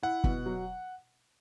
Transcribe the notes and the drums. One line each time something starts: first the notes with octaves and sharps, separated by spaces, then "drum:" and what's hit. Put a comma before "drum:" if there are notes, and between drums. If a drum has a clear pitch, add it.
E4 F#5
B2, drum: kick
F#3